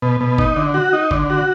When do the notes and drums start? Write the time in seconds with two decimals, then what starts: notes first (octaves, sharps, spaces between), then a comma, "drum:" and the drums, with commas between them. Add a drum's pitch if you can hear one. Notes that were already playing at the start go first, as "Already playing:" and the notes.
0.02 B2
0.21 B2
0.38 D#4, drum: kick G1
0.56 D3
0.74 F#4
0.93 D#4
1.11 D3, drum: kick G1
1.30 F#4